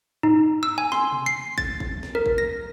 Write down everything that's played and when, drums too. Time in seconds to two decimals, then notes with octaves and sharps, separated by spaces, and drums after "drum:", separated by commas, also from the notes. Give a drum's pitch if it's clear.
0.23 D#4, drum: tom G#2
0.63 E6
0.78 G#5
0.92 C6, drum: snare
1.12 drum: tom B2
1.26 C7
1.58 A6, drum: kick
1.80 drum: kick
2.03 drum: snare
2.15 A#4
2.26 drum: kick
2.38 A#6